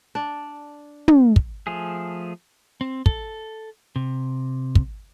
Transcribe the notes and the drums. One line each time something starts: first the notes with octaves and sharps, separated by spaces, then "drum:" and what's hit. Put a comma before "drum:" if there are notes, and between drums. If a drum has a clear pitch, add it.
D4
drum: tom
drum: kick
F3 A3 G#4
C4
A4, drum: kick
C3
drum: kick